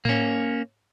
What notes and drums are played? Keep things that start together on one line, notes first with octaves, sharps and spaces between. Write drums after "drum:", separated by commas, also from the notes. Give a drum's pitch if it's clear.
A#3 C#4, drum: tom A2